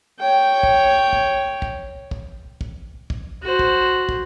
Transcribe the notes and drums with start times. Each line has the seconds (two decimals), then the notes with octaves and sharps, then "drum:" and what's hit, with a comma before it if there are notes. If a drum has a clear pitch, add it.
0.19 C#5 G5
0.63 drum: kick
1.13 drum: kick
1.62 drum: kick
2.11 drum: kick
2.61 drum: kick
3.10 drum: kick
3.43 F#4 C5
3.59 drum: kick
4.09 drum: kick